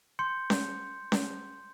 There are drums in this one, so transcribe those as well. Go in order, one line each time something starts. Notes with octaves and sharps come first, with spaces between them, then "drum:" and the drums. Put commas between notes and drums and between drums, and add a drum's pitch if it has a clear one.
C6 G6 C#7
drum: snare C#4
drum: snare C#4